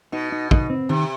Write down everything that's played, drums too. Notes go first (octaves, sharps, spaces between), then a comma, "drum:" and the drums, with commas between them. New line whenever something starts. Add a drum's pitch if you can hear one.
B2 D#4
D#4
D#4, drum: kick
C4
C3 D#3